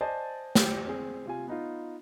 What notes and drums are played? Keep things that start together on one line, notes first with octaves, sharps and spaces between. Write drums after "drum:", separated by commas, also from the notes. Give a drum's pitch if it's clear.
C5 D5 D#5 G#5 A5 A6
G4 C5, drum: snare
C4 G#4
C3 F4 G#5
B3 D#4 F4